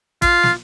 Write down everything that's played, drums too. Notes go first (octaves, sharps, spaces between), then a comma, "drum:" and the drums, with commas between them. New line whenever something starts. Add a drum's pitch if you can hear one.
F4, drum: kick, hi-hat
drum: snare